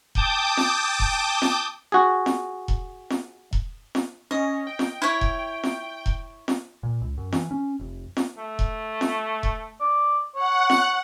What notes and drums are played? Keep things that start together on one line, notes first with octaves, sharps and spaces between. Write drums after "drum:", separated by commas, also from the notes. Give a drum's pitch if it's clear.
G5 A5 D6 D#6 G6, drum: kick E1
drum: snare F4
drum: kick E1
drum: snare F4
F#4 G#4
drum: snare F4
drum: kick E1
drum: snare F4
drum: kick E1
drum: snare F4
C#4 D#5
G5
drum: snare F4
E4 C#5
drum: kick E1
drum: snare F4
drum: kick E1
drum: snare F4
A#2
C#2
F#2
E3, drum: snare F4
C#4
F1
drum: snare F4
A3
drum: kick E1
drum: snare F4
drum: kick E1
D5
C#5 F#5
drum: snare F4